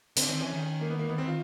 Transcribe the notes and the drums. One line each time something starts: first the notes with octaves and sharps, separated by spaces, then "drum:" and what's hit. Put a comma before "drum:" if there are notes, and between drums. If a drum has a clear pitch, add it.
D3 C4, drum: hi-hat
D#3 C4
E3 C#4
D#3
A#3
B3
A#3
B3
C4
F4